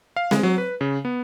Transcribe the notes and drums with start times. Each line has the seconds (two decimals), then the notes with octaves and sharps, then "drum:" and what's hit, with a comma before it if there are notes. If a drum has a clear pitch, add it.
0.16 F5
0.31 G#3, drum: snare C4
0.43 F#3
0.58 B4
0.81 C#3
1.05 B3